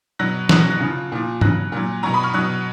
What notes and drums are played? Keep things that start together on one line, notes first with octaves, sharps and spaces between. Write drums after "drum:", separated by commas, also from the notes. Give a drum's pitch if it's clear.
B2 F#3 F#6 A#6
B2 F#3 D#6 F#6, drum: snare
F#6 A#6
F#6 A#6
C#3 F3
A#2 F3
C#3 F#3 F#6 A#6, drum: tom G#2
A#2 F#3
B2 F#3 A#5 C#6
B5 D#6
C#6 F6
B2 F#3 D#6 F#6